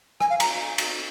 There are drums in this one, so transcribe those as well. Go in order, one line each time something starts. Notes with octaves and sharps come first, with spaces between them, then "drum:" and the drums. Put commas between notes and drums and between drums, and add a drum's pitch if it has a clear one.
G#5, drum: rim click
F5
A#5, drum: cymbal
drum: cymbal